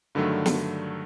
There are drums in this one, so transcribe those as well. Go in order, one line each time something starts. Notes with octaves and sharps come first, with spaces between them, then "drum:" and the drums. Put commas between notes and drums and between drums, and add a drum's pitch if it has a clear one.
G2 D3 D#3 F#3 A3
drum: snare